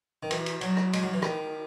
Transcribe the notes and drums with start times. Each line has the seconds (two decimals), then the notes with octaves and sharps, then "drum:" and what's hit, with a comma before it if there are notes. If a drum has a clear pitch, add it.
0.23 D#3
0.31 E3, drum: cymbal
0.46 drum: cymbal
0.61 F#3, drum: cymbal
0.77 drum: rim click
0.93 G#3, drum: cymbal
1.03 F#3
1.13 E3
1.22 D#3, drum: rim click